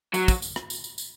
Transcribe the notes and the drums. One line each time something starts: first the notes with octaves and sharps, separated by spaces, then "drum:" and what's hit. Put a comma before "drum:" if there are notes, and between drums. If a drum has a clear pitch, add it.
F#3, drum: tambourine
drum: kick, tambourine
drum: tambourine
drum: rim click
drum: tambourine
drum: tambourine
drum: tambourine